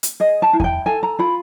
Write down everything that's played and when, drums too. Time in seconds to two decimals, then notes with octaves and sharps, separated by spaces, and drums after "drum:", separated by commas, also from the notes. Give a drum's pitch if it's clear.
0.03 drum: hi-hat
0.20 G#4 D#5
0.42 A5
0.53 E4
0.60 G#5, drum: kick E2
0.64 G5
0.86 A4 G#5
1.03 A#5
1.19 F4 B5